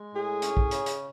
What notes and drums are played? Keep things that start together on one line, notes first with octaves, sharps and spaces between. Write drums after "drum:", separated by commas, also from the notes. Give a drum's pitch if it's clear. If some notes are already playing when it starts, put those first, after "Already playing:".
Already playing: G#3
A2 G#4
C#4, drum: hi-hat
drum: kick
C#3, drum: hi-hat
drum: hi-hat